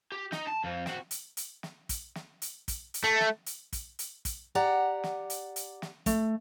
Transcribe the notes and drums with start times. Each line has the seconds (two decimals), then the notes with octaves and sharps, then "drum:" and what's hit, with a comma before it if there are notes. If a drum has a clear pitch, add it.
0.12 G4
0.32 D#4, drum: snare
0.47 A5
0.64 F2 F3
0.86 C4 F#4, drum: snare
1.11 drum: hi-hat
1.37 drum: hi-hat
1.63 drum: snare
1.89 drum: kick, hi-hat
2.15 drum: snare
2.42 drum: hi-hat
2.68 drum: kick, hi-hat
2.94 drum: hi-hat
3.04 A3
3.20 drum: snare
3.46 drum: hi-hat
3.73 drum: kick, hi-hat
3.99 drum: hi-hat
4.25 drum: kick, hi-hat
4.55 G4 D5 F#5 A#5
5.04 drum: snare
5.30 drum: hi-hat
5.56 drum: hi-hat
5.82 drum: snare
6.06 A3, drum: kick, hi-hat